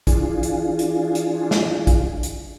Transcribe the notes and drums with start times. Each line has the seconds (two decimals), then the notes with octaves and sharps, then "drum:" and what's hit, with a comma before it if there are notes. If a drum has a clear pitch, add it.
0.07 E3 D4 F4 G#4, drum: kick, hi-hat
0.43 drum: hi-hat
0.79 drum: hi-hat
1.15 drum: hi-hat
1.51 drum: snare
1.87 drum: kick, hi-hat
2.23 drum: hi-hat